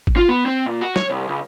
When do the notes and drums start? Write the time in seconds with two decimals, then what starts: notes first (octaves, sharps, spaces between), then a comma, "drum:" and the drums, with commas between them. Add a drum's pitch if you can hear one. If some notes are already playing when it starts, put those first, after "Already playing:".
0.07 drum: kick
0.16 F4
0.29 B3
0.46 C4
0.66 A#2
0.81 F#4
0.96 C#5, drum: snare
1.10 C2
1.28 C#2